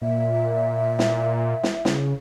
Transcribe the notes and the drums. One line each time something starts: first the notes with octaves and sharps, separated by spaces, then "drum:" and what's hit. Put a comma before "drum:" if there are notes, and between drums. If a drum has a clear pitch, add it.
A#2 E5
drum: snare
drum: snare
C#3, drum: snare